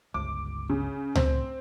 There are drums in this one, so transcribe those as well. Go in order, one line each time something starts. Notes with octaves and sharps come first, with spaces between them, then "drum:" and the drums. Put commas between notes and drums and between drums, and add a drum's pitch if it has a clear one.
G1 C#2 D6
C#3
A2 C4, drum: tom C#2